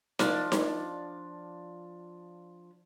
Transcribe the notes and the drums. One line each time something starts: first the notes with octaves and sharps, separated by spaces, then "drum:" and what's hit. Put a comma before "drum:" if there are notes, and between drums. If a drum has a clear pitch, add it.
F3 D4 D5, drum: snare D#4
drum: snare D#4